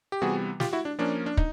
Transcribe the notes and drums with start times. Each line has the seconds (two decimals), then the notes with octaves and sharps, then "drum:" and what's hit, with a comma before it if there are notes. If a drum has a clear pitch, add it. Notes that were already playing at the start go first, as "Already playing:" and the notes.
0.12 G4
0.21 C3 E3 G3 B3 F#4 G#4
0.60 F4 G4, drum: snare
0.73 E4 F#4
0.85 D4
0.99 F3 A#3 C#4 D4
1.26 D4
1.37 D#4, drum: kick